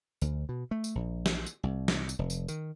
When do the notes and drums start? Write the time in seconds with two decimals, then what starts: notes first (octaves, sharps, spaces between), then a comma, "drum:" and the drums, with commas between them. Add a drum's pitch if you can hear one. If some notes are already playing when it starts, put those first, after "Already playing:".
0.22 D2, drum: tambourine
0.49 B2
0.71 A3
0.84 drum: tambourine
0.95 A#1
1.26 drum: snare
1.47 drum: tambourine
1.63 C2
1.88 drum: snare
2.09 drum: tambourine
2.19 F1
2.30 drum: tambourine
2.48 D#3, drum: tambourine